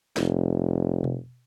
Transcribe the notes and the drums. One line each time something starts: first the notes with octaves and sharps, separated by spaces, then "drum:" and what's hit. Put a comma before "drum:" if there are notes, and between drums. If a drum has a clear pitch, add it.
F1, drum: snare
drum: tom B2